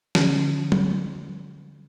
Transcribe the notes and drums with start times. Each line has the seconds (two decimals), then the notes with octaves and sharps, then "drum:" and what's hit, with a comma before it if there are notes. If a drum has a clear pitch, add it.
0.15 D3 F3 C#4, drum: snare
0.72 drum: tom F#3